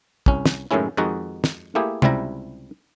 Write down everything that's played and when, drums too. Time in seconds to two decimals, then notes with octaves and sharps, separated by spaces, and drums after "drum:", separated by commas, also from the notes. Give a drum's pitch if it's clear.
0.26 C2 C#4, drum: kick
0.46 drum: snare
0.71 F#2 A2 D#3 G#3 C#4 E4
0.97 F2 D#3 G#3 D#4 F#4 F#5
1.44 drum: snare
1.75 A3 A#3 E4 G4 G#4
2.02 C#2 C3 G3 E4 A#5, drum: tom C3